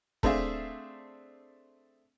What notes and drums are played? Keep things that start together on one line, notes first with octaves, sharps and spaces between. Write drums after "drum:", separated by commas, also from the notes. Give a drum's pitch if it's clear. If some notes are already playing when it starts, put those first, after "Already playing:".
A3 C4 D4 G#4 E5 F5, drum: kick E1